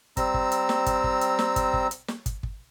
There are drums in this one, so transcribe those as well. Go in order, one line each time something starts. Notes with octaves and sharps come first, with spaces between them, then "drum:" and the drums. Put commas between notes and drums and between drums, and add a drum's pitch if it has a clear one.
G3 C4 A#5 E6, drum: kick, hi-hat
drum: kick
drum: hi-hat
drum: snare
drum: kick, hi-hat
drum: kick
drum: hi-hat
drum: snare
drum: kick, hi-hat
drum: kick
drum: hi-hat
drum: snare
drum: kick, hi-hat
drum: kick